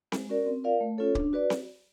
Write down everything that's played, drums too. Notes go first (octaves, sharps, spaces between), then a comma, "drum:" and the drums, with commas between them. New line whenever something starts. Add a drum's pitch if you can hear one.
G#3, drum: snare C4
C#4 F#4 A#4 D5
C4
F4 A#4 D5 F5
A3
C#4 F4 A4 C#5
D4, drum: kick C#1
F#4 B4 D5
drum: snare C4